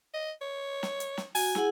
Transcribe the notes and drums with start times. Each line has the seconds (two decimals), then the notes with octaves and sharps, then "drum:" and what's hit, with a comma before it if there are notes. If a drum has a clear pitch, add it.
0.14 D#5
0.41 C#5
0.83 drum: snare
1.00 drum: hi-hat
1.18 drum: snare
1.35 F#4 G#5, drum: open hi-hat
1.55 E4 G#4 F#5, drum: snare